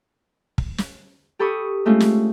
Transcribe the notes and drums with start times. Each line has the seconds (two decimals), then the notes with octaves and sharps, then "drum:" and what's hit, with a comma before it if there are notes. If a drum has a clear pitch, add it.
0.58 drum: kick
0.78 drum: snare
1.39 G4 A4 B5 C#6 D#6
1.85 G#3 A3 C4 C#4 F4
2.00 drum: snare